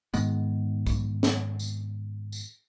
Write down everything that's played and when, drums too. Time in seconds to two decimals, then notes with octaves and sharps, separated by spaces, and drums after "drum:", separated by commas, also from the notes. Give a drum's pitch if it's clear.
0.14 G#2 D#3 G#3 B3, drum: tambourine
0.87 drum: kick B1, tambourine
1.23 drum: snare
1.59 drum: tambourine
2.32 drum: tambourine